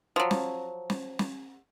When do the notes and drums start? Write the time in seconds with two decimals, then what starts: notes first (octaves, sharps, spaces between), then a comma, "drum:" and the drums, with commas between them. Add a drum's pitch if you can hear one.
0.16 F3 F#3
0.31 drum: snare
0.90 drum: snare
1.19 drum: snare